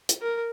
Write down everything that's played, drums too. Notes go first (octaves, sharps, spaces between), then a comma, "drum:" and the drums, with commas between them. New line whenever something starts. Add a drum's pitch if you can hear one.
drum: hi-hat
A#4